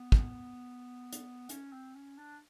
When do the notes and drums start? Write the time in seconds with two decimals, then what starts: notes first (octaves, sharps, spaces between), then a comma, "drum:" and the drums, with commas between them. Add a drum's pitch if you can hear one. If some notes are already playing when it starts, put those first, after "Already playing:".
Already playing: B3
0.12 drum: kick
1.13 drum: hi-hat
1.49 C#4, drum: hi-hat
1.72 C4
1.95 C#4
2.18 D4